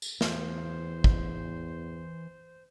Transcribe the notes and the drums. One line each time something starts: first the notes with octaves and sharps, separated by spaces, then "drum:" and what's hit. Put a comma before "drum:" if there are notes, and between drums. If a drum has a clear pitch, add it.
drum: tambourine
E2 E3 C5, drum: snare
drum: kick